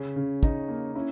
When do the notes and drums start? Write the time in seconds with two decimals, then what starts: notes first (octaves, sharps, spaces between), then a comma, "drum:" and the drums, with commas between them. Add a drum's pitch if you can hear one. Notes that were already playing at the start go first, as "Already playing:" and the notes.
Already playing: C#3 C#4
0.16 C#3
0.43 D#4, drum: kick
0.68 A#3
0.95 C#4 E4